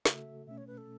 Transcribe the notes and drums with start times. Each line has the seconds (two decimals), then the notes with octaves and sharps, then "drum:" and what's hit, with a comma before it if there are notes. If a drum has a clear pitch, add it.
0.05 C#3 A3 F#4 A4 E5, drum: snare
0.47 B2 A3 C#4 E5
0.58 C#5
0.67 B4
0.78 A4